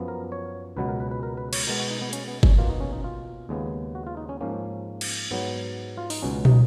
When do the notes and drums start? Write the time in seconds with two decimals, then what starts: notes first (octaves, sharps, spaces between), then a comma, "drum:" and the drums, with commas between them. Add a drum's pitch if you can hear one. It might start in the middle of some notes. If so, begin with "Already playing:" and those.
Already playing: F#2 F3 B3
0.08 A#4
0.32 C#5
0.77 C#2 B2 F#3 B3 B4
0.88 A#4
1.00 B4
1.11 B4
1.23 A#4
1.37 B4
1.53 C#5, drum: cymbal
1.67 B2 G#3 B3 A#4
1.80 F#4
1.90 D#4
2.01 B3
2.13 C#4, drum: hi-hat
2.28 B3
2.43 C#4, drum: kick G1
2.58 B2 A#3 F4
2.69 D#4
2.81 C#4
2.93 D#4
3.04 F4
3.49 D#2 C#3 G#3 B3
3.95 F#4
4.07 F4
4.17 D#4
4.29 C#4
4.41 G#2 F3 A#3 C#4
5.01 drum: cymbal
5.31 G#2 F#3 B3
5.98 F4
6.10 D#4, drum: open hi-hat
6.22 C#2 B2 F#3 C#4
6.45 D#4, drum: tom